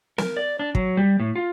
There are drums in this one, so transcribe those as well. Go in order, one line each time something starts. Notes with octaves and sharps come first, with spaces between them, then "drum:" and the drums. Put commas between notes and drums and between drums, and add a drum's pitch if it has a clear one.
A#4, drum: snare
D5
D4
F#3, drum: kick
G3
A2
F4